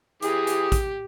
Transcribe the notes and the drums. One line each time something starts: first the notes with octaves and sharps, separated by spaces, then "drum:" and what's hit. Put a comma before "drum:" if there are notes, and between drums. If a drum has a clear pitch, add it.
E3 G4 G#4 D#6, drum: hi-hat
drum: hi-hat
drum: kick, hi-hat